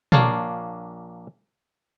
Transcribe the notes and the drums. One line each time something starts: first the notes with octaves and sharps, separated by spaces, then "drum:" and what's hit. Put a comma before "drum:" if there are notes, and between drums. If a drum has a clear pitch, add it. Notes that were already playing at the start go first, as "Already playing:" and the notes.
A#1 A#3 D4 C#5 F5 A5, drum: tom